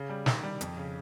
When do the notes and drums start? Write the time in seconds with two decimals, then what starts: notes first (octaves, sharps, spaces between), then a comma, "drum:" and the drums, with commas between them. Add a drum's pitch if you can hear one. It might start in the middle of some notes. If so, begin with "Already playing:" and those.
Already playing: C#3
0.09 G3
0.26 D#3, drum: snare
0.43 G3
0.61 F2, drum: hi-hat
0.77 C#3